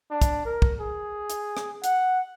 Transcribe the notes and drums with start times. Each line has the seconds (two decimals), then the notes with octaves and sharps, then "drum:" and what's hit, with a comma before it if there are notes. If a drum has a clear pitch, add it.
0.11 D4
0.22 drum: kick, hi-hat
0.45 A#4
0.62 drum: kick
0.80 G#4
1.30 drum: hi-hat
1.57 drum: rim click
1.84 F#5, drum: hi-hat